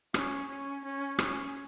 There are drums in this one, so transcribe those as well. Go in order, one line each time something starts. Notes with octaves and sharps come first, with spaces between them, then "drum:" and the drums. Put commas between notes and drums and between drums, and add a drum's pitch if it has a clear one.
C#4, drum: rim click
C#4
C#4
C#4, drum: rim click